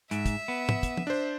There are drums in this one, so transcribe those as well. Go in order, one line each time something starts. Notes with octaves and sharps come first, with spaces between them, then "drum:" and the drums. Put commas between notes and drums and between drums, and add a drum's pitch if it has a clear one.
G#2 E5, drum: hi-hat
drum: kick, hi-hat
B3
drum: tom
drum: kick, hi-hat
drum: tom
D4 C5